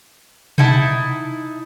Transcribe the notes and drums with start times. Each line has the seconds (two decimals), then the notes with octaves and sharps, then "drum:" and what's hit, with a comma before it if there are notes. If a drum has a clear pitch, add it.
0.58 D#4 E4 A5, drum: tom B2